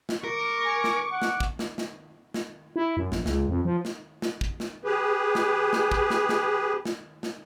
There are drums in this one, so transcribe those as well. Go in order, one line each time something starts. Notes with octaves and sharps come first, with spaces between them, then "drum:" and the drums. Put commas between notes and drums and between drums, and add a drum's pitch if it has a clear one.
drum: snare
A#4 C#6 D6
G#5
drum: snare
F#5
drum: snare
drum: kick
drum: snare
drum: snare
drum: snare
E4
F#2
A#1, drum: snare
C#2, drum: snare
F2
F3
drum: snare
drum: snare
drum: kick
drum: snare
G4 G#4 B4
drum: snare
drum: snare
drum: kick
drum: snare
drum: snare
drum: snare
drum: snare